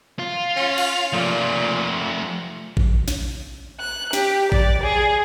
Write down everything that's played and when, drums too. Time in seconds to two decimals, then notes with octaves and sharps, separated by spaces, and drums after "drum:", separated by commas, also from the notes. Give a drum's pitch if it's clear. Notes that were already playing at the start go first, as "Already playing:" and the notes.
0.19 F4
0.56 C#4
0.78 drum: cymbal
1.13 A#2 F3 A3
2.77 drum: kick A1
3.08 drum: snare
3.80 F#6
4.13 G4, drum: snare
4.52 D5, drum: kick A1
4.83 G#4